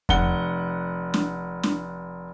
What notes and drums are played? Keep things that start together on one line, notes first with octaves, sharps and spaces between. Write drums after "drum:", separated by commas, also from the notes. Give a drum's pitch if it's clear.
F1 F#5 G7, drum: kick E2
drum: snare
drum: snare